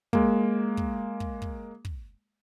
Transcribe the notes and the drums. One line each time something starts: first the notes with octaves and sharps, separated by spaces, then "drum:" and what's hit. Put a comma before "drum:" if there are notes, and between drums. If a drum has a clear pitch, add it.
G#3 A#3, drum: kick
drum: kick
drum: kick
drum: kick
drum: kick